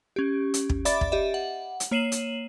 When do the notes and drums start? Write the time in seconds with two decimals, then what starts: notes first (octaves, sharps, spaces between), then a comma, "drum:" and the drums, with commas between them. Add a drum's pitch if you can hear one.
0.16 C#4 G4
0.54 drum: hi-hat
0.69 drum: kick
0.85 D5 E5 B5 D6 A6, drum: hi-hat
1.01 drum: kick
1.12 G4 D#5 E5
1.34 F#5
1.80 drum: hi-hat
1.91 A#3 C#5 C7 D#7 E7 F#7
2.12 drum: hi-hat